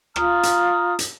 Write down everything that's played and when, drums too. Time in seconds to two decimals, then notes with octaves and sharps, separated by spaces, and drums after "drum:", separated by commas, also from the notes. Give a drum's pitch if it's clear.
0.16 F4 A#5 D#6 F6, drum: rim click
0.43 drum: hi-hat
0.99 drum: hi-hat